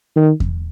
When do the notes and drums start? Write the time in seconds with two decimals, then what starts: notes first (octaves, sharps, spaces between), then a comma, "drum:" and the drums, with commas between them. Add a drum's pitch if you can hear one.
0.16 D#3
0.40 drum: kick E2